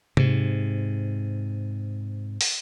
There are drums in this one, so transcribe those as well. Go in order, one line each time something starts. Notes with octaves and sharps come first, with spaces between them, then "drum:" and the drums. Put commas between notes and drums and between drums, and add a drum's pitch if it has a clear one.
G#2 C3, drum: tom C3
drum: open hi-hat